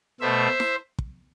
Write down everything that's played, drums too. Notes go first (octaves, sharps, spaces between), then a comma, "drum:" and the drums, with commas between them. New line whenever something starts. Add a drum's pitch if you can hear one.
B2 A3 C5 E5
drum: snare
drum: kick